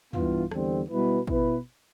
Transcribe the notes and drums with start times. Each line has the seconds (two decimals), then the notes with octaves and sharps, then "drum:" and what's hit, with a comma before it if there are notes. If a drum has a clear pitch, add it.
0.13 G2 E3 B3 F4, drum: tom
0.51 E2 D3 G3 C4, drum: rim click
0.89 B2 G3 B3 E4 B4
1.27 B2 B3 E4 B4, drum: kick